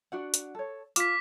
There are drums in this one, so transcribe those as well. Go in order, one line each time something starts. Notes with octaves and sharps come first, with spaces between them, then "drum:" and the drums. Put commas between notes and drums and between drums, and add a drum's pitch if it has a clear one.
D4 F#4 F#5
drum: hi-hat
A4 C#5
F4 D6 B6, drum: hi-hat